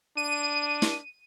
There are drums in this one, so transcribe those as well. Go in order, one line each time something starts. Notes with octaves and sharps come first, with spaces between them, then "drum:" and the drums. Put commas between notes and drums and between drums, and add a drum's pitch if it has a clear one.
D4 D#7
drum: snare